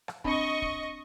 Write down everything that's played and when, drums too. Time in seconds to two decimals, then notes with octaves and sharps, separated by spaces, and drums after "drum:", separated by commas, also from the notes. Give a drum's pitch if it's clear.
0.08 drum: rim click
0.24 C4 D4 D#5 B5 C#6, drum: kick
0.62 drum: kick